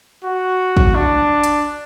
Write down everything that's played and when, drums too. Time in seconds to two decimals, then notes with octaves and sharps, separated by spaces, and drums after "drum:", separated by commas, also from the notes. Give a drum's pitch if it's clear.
0.24 F#4
0.77 drum: kick
0.95 D4
1.44 drum: hi-hat